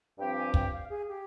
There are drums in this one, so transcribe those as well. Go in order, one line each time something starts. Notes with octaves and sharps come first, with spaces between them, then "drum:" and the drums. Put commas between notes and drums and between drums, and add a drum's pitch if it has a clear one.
G2 F3 C4 G4 G5
G#5
G5, drum: kick
F5
G#4
G4